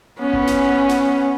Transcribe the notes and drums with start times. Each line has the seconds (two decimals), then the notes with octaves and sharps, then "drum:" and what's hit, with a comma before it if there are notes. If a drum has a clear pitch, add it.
0.19 B3 C#4
0.33 drum: kick G1
0.47 drum: snare
0.89 drum: snare